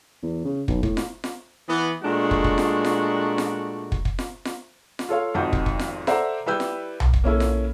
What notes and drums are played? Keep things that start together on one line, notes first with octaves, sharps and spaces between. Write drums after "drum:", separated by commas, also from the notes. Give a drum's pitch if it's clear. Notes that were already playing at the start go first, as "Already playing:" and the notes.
E2
C#3
B1, drum: kick
A2, drum: kick
drum: snare F4
drum: snare F4
E3 B3
A#2 G#3 A3 D4 F#4
drum: kick
drum: kick
drum: snare F4
drum: snare F4
drum: snare F4
drum: kick
drum: kick
drum: snare F4
drum: snare F4
drum: snare F4
F4 A4 C#5 F5
G#1 F2 F3 D#4 F#4 G6
drum: kick
drum: kick
drum: snare F4
A4 C5 D5 E5 F#5 A#5, drum: snare F4
G3 E4 B4 E6 G6
drum: snare F4
drum: tom B1
drum: kick
A#3 C#4 E4 A4
drum: snare F4